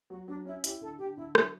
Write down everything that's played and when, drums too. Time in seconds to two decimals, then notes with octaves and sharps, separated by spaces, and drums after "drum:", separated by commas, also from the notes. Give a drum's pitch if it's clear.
0.10 F#3 F#4
0.28 F#3 D4
0.45 C#4 E4
0.64 E4 G4, drum: hi-hat
0.81 D3 A4
0.99 D3 G4
1.17 D3 E4
1.35 F#3 E4, drum: rim click